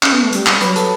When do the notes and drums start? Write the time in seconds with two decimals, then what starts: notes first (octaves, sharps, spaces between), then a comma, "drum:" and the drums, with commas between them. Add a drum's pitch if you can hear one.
0.03 C#4, drum: clap
0.13 B3
0.23 A3
0.33 G3, drum: hi-hat
0.47 drum: clap
0.61 F#3 B4 B5, drum: hi-hat
0.76 A4 A5, drum: hi-hat